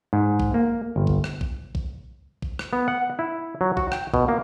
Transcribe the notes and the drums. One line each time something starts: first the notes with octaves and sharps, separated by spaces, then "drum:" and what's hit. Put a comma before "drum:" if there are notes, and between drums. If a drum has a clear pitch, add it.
G#2
drum: kick
A#3
G1
drum: kick
drum: rim click
drum: kick
drum: kick
drum: kick
drum: rim click
B3
F#5
E4
F#3
F#4, drum: kick
G5, drum: rim click
B2, drum: kick
A#3